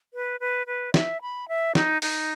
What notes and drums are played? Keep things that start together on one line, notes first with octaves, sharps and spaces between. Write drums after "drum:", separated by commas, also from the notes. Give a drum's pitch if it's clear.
B4
B4
B4
E5, drum: snare
B5
E5
D#4, drum: snare
D#4, drum: open hi-hat